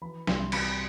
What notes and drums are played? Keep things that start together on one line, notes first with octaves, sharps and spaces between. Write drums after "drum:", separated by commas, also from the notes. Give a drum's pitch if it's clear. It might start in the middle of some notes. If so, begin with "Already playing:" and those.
E3 B5
C2 C6, drum: snare
C3 B5, drum: cymbal